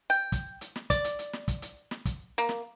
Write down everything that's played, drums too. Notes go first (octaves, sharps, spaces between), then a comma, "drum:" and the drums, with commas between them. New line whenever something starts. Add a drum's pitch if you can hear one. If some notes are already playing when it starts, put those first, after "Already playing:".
G5
drum: kick, hi-hat
drum: hi-hat
drum: snare
D5, drum: kick, hi-hat
drum: hi-hat
drum: hi-hat
drum: snare
drum: kick, hi-hat
drum: hi-hat
drum: snare
drum: kick, hi-hat
A#3
drum: snare